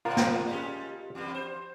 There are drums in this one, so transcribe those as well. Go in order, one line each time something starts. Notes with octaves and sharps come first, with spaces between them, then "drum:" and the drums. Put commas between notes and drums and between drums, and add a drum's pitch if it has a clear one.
A#2 D3 F3 F4 A#4
drum: snare
G3 G#3 C#4
E2 G2
C5